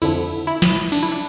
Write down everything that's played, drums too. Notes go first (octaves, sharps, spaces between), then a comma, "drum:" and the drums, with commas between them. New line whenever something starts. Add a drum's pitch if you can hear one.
F2 D3 F3 E4, drum: cymbal
E4
drum: snare
D4, drum: cymbal
E4
D4